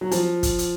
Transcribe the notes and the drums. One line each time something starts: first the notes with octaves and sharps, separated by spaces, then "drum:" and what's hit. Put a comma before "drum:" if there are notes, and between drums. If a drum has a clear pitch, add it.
F#3
F3, drum: hi-hat
drum: kick, hi-hat
drum: hi-hat